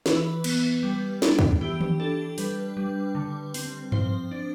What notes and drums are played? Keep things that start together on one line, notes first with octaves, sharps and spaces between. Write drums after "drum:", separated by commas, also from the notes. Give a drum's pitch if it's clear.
E3 B4, drum: snare
B3, drum: cymbal
G3
D4, drum: snare
drum: kick
E3 G4
drum: tom D#3
D4 A4
G3 B4, drum: open hi-hat
G3
D3
C4, drum: open hi-hat
F3 C5, drum: tom G2
D4